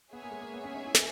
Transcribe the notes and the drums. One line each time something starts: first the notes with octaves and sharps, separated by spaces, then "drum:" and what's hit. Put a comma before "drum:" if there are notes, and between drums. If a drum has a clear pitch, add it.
B3 G#4 C#5 E5 G#5
A#3
G#3
A#3
B3
C#4
D#4
E4
D#4, drum: snare